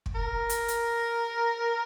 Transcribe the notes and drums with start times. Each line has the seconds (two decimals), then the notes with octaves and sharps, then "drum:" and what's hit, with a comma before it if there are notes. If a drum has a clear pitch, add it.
0.06 drum: kick
0.15 A#4
0.50 drum: hi-hat
0.68 drum: hi-hat